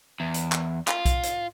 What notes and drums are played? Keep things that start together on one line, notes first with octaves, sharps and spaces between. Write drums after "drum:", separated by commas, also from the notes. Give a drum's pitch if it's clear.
E2
drum: hi-hat
drum: clap
F4, drum: clap
drum: kick B1, hi-hat
drum: hi-hat